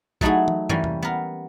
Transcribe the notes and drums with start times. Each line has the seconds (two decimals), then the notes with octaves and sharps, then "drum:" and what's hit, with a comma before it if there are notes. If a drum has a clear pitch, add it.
0.21 F#3 A3 D#4 E4 F#4 G#4, drum: kick
0.48 drum: tom
0.69 E3 G3 A#3 C#4, drum: tom
0.84 drum: tom
1.02 B3 A#4